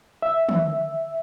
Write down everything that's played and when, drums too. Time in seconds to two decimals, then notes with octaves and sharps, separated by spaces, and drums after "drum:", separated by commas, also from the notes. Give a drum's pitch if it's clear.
0.22 E5
0.49 drum: tom